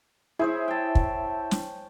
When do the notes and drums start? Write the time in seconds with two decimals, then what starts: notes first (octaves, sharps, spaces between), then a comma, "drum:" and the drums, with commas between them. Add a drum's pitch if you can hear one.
0.39 E4 G#4 C5 C#5
0.68 G5 A5
0.95 drum: kick
1.51 drum: snare